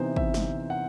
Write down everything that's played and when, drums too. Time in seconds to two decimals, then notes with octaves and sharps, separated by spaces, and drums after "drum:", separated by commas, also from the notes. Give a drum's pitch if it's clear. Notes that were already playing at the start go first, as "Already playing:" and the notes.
Already playing: C3 E3 B3 D#4 C5
0.16 E5, drum: kick
0.34 drum: snare
0.70 F#5